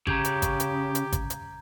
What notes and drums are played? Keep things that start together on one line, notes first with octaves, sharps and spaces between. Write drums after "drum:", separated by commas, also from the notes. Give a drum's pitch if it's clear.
C#3 G4 A#5 G6 G#6, drum: kick
drum: hi-hat
drum: kick, hi-hat
drum: hi-hat
drum: hi-hat
drum: kick, hi-hat
drum: hi-hat